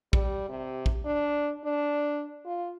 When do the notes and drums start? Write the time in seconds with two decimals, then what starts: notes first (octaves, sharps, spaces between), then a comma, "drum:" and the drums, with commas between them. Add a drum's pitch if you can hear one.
0.13 G3, drum: kick
0.49 C3
0.86 drum: kick
1.05 D4
1.64 D4
2.46 F4